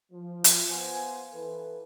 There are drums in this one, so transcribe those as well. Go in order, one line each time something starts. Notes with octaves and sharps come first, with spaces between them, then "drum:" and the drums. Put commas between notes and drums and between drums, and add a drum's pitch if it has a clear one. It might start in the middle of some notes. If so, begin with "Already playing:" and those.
F3
drum: hi-hat
B3 C5 F5 F#5 G#5
E3 A4 B4